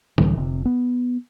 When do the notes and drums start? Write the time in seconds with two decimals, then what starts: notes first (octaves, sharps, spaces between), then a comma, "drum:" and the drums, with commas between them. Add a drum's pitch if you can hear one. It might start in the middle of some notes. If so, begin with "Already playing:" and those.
0.18 C#2 A2 E3 G3, drum: tom D3
0.37 F1 C3
0.65 B3